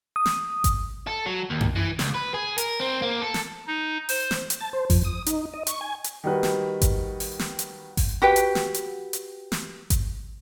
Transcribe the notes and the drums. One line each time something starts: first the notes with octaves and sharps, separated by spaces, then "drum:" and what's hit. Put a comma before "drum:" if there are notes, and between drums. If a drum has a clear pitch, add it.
D#6
drum: snare
drum: kick G#1, hi-hat
A4
F#3
D#2
drum: tom F#2
E3
C#2, drum: snare
B4
G#4
A#4, drum: hi-hat
C4
A#3
A4
drum: snare
D#4
C5, drum: open hi-hat
drum: snare
drum: hi-hat
A5
C5
F2, drum: kick G#1, open hi-hat
D#6
D#4, drum: hi-hat
D#5
C#6, drum: hi-hat
G#5
drum: hi-hat
D#3 G3 F#4 B4
drum: snare
drum: kick G#1, hi-hat
drum: open hi-hat
drum: snare
drum: hi-hat
drum: kick G#1, open hi-hat
F#4 G4 B4 G5
drum: hi-hat
drum: snare
drum: hi-hat
drum: hi-hat
drum: snare
drum: kick G#1, hi-hat